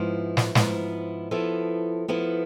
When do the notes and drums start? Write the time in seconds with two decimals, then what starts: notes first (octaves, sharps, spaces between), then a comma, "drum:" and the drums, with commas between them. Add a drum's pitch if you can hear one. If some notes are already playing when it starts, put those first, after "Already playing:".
Already playing: G#2 F3 B3 E4
0.37 drum: snare
0.55 G#2 F3 B3 E4, drum: snare
1.31 F3 B3 E4 A4
2.08 F3 B3 E4 A4